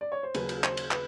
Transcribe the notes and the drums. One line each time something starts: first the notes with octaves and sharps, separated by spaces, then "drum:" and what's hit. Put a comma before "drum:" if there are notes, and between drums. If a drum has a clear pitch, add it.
D5
C#5
C5
D#2 C#3 F#3 B4, drum: cymbal
drum: cymbal
C5, drum: clap
drum: cymbal
B4, drum: clap